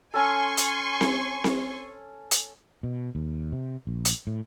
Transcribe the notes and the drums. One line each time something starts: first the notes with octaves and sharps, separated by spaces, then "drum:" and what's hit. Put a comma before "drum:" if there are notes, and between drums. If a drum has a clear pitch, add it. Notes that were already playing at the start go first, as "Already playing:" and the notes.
C#4 A4 G#5 C6 C#6
drum: hi-hat
drum: snare C4
drum: snare C4
drum: hi-hat
B2
D#2
C3
A#1
drum: hi-hat
A2